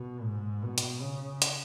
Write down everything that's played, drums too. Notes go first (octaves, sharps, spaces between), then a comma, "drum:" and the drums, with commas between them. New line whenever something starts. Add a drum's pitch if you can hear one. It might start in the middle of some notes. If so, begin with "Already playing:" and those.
Already playing: B2
G#2
B2
drum: hi-hat
C#3
drum: hi-hat